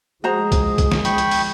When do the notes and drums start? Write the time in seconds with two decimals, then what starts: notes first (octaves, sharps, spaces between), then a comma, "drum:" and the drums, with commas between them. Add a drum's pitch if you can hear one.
0.24 F3 G#3 F#4 G#4 C5 A#5
0.52 drum: kick, hi-hat
0.78 drum: kick, hi-hat
0.92 drum: snare
1.05 G5 B5 C#6, drum: hi-hat
1.18 drum: hi-hat
1.31 drum: open hi-hat